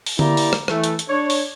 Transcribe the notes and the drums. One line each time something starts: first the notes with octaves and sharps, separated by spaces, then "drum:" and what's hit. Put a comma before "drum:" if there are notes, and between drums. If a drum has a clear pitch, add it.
drum: open hi-hat
A#3 E4 G4 D5 A#5, drum: tom D3
drum: open hi-hat
drum: rim click
E3 A3, drum: rim click
drum: hi-hat
drum: hi-hat
D4 C#5
drum: open hi-hat